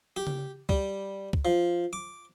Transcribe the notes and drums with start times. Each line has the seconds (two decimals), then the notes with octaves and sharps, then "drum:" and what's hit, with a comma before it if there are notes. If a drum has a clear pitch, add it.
0.16 G4
0.27 drum: tom C#3
0.69 G3, drum: kick C#2
1.33 drum: kick C#2
1.45 F3
1.93 D6